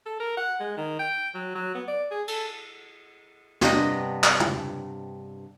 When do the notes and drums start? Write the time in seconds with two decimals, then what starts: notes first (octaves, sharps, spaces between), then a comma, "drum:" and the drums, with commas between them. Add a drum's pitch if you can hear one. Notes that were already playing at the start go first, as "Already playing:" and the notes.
0.06 A4
0.20 A#4
0.37 F#5
0.60 G#3
0.77 D#3
0.99 G5
1.35 F#3
1.55 F#3
1.75 B3
1.88 D5
2.11 G#4
2.28 A4, drum: cymbal
3.61 G2 C3 B3 D4 D#5, drum: snare
4.24 drum: clap
4.40 drum: tom